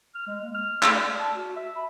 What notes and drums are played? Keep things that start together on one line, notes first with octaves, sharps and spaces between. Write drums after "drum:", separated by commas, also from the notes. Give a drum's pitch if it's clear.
F6
G#3
A#3
F6
A3, drum: clap
D5
A5
F#4
E5
B5